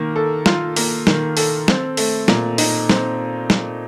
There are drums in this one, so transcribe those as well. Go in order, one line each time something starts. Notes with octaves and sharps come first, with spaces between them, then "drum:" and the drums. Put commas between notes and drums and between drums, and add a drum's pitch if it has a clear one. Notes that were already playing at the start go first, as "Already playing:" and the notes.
Already playing: D#3 A#3
A4
F4, drum: snare
A#3, drum: open hi-hat
D#3, drum: snare
A4, drum: open hi-hat
C4, drum: snare
A3, drum: open hi-hat
A#2, drum: snare
D#4, drum: open hi-hat
C4, drum: snare
drum: snare